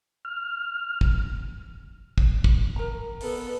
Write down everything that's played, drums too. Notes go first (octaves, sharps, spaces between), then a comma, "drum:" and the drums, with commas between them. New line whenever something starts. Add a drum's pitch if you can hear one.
F6
drum: kick
drum: kick
drum: kick
A#4 A#5
B3 A4, drum: open hi-hat